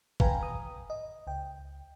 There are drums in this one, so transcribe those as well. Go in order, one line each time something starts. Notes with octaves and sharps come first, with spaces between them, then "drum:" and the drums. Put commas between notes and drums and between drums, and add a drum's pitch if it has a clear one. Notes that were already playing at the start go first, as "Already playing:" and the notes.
B4 F5 G5 G#5 A#5 B5, drum: kick
A#5 D#6
D#5
C#2 G5